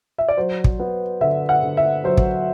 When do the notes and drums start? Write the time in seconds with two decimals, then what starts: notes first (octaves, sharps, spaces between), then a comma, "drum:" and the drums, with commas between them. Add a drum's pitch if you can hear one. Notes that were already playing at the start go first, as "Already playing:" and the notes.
0.18 E5
0.28 D5
0.37 F#3 C5
0.64 drum: kick
0.80 B3
1.21 D3 E5
1.49 F#5
1.63 D3
1.77 E5
2.04 F#3 C5
2.17 drum: kick